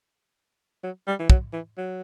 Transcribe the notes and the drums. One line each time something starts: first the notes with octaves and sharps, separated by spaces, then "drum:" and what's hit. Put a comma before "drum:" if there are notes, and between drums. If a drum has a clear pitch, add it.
F#3
G3
E3
F#3, drum: kick
E3
F#3